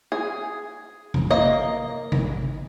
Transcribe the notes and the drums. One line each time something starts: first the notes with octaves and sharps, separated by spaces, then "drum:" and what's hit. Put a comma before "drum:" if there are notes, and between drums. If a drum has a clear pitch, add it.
G#4
drum: kick
A#3 D#5
drum: kick